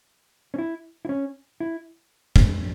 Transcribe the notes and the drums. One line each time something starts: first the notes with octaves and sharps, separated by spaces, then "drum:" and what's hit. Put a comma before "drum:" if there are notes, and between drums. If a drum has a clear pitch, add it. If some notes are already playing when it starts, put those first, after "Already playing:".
C#4
E4
E4
C#4
E4
drum: kick